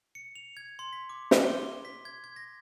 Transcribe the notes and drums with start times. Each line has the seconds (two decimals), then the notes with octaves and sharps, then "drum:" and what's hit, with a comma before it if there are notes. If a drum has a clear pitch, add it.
0.15 C#7
0.35 F7
0.57 G#6
0.79 C6
0.93 B6
1.09 D6
1.31 drum: snare
1.42 G7
1.85 B6
2.05 G#6
2.24 G#6
2.36 A#6